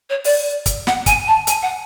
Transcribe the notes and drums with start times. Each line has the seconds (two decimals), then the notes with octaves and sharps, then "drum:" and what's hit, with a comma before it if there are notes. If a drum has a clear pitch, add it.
0.09 C#5
0.24 D5, drum: open hi-hat
0.66 drum: kick, hi-hat
0.87 F#5, drum: snare
1.06 G#5, drum: kick, hi-hat
1.27 A5
1.47 G#5, drum: hi-hat
1.62 F#5